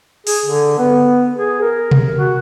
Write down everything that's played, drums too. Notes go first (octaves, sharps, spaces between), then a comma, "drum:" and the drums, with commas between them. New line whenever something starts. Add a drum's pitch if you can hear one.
G#4, drum: open hi-hat
D3
B3
G#4
A#4
drum: tom B2
F#4